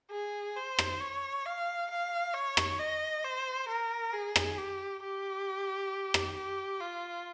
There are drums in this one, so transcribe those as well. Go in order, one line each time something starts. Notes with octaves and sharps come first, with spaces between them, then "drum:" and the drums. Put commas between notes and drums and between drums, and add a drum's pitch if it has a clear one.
G#4
C5
drum: rim click
C#5
F5
F5
C#5
drum: rim click
D#5
C5
A#4
G#4
drum: rim click
G4
G4
drum: rim click
G4
F4